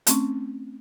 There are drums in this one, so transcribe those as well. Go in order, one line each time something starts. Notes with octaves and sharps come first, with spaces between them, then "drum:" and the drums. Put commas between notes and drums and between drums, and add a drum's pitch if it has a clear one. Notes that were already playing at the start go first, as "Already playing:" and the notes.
A3 C4 C#4, drum: hi-hat